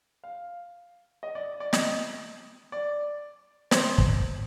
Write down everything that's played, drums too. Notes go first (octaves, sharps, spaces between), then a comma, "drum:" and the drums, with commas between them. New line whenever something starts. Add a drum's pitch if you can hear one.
F5
D#5
D5
D5
D#5, drum: snare
D5
C5, drum: snare
drum: kick